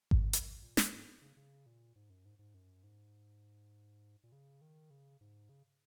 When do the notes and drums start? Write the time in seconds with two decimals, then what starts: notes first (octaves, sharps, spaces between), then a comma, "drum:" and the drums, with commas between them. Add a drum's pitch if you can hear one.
0.11 A#2, drum: kick G#1
0.17 C#3
0.33 D#3, drum: hi-hat
0.62 A#2
0.77 F#2, drum: snare
0.92 G#2
1.22 C#3
1.37 C#3
1.66 A#2
1.95 G#2
2.10 F#2
2.25 G#2
2.39 G#2
2.54 F#2
2.83 G#2
4.23 A#2
4.32 C#3
4.61 D#3
4.90 C#3
5.21 G#2
5.49 C#3